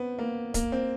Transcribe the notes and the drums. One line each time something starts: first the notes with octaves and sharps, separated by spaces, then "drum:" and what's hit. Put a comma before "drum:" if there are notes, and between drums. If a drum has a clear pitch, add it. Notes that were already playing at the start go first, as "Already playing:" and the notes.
Already playing: B3 C4
A#3
A#3, drum: kick, hi-hat
C4